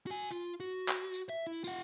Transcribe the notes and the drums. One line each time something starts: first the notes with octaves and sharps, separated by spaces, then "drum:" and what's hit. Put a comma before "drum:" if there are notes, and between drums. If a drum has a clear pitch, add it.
F#4 G#5
F4
F#4
drum: clap
drum: tambourine
E5
E4
F4 F#5, drum: tambourine